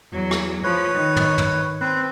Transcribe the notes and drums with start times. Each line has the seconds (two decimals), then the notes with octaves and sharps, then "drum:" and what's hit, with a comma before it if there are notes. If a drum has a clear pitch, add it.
0.12 E2 F#3
0.31 drum: rim click
0.64 F3 B4 C#5
0.95 D#3
1.17 drum: tom
1.38 drum: tom
1.81 C4 B4